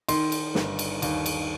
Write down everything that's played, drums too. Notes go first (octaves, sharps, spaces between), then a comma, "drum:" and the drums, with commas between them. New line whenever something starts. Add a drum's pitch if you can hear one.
D#3 C6, drum: cymbal
drum: cymbal
G1, drum: snare
drum: cymbal
D#2, drum: cymbal
drum: cymbal